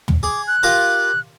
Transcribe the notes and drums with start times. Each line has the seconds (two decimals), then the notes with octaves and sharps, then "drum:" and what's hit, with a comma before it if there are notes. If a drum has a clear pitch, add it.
0.08 drum: tom
0.23 G#4 D6
0.47 F#6
0.63 F4 G4 A#4